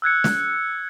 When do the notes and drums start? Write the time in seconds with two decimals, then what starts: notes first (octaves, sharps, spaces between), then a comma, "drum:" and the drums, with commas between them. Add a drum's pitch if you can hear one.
0.02 E6 F#6 G#6 C#7
0.24 drum: snare